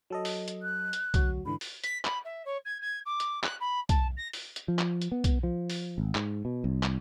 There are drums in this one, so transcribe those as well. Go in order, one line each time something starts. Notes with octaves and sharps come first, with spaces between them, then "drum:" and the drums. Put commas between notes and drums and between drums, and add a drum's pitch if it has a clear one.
F#3 A4 D#5
drum: open hi-hat
drum: hi-hat
F#6
drum: hi-hat
D2 F#3 F#4, drum: kick B1, hi-hat
G#2 D3 E3 B5
drum: open hi-hat
B6, drum: hi-hat
B5, drum: clap
E5
C#5
G#6
G#6
D6
drum: hi-hat
F#6, drum: clap
B5
A5, drum: kick B1, hi-hat
A#6
drum: open hi-hat
drum: hi-hat
F3
drum: clap
drum: hi-hat
B3
drum: kick B1, hi-hat
F3
drum: open hi-hat
G#1
G#2, drum: clap
B2
C2
drum: clap